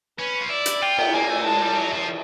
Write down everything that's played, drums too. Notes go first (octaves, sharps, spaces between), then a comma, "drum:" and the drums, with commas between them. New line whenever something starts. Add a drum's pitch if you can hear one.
C#4 B4
F4
E4 D5
drum: hi-hat
F4 G5
B3, drum: cymbal
A#3 G#5
A3
G#3 A5
G3
F#3
F3